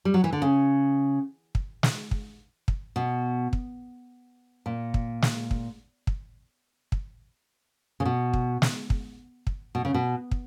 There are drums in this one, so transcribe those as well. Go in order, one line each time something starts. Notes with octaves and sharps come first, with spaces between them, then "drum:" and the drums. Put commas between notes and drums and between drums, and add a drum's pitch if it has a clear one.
G3
F#3
E3
D3
C#3
drum: kick
drum: snare
drum: kick
drum: kick
B2
drum: kick
A#2
drum: kick
drum: snare
drum: kick
drum: kick
drum: kick
C#3
B2
drum: kick
drum: snare
drum: kick
drum: kick
B2
C#3
B2
drum: kick